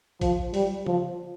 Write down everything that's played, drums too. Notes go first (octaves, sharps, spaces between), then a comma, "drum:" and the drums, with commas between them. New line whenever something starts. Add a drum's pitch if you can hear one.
F3, drum: kick, hi-hat
G3, drum: open hi-hat
F3, drum: tom